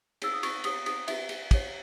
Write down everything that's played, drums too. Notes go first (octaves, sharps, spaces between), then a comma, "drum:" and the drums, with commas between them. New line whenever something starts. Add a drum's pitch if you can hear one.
D#4 G#4 C#5 E6, drum: cymbal
D#6
C#6, drum: cymbal
G4 C#5 D#6, drum: cymbal
D#6, drum: cymbal
G4 B4 E5, drum: cymbal
drum: cymbal
G4 C#5, drum: kick, cymbal